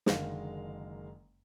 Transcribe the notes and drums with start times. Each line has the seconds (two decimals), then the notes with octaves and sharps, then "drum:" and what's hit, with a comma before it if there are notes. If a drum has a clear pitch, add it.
0.06 F#1 D3 D#3 G#3 A#4 F5, drum: snare